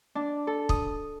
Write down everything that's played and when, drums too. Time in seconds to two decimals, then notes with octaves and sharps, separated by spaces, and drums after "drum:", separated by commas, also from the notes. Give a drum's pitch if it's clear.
0.15 D4
0.47 A4
0.69 D#6, drum: kick